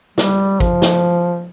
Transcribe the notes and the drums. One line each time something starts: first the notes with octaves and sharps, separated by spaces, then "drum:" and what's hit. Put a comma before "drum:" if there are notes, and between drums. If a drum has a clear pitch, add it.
G3, drum: snare
F3, drum: kick
drum: snare